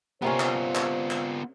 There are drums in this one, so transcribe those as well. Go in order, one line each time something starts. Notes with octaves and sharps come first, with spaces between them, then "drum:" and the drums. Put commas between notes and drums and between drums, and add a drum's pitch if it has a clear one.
C3 A#3 B3 C#4 F4 C5
drum: clap
drum: clap
drum: clap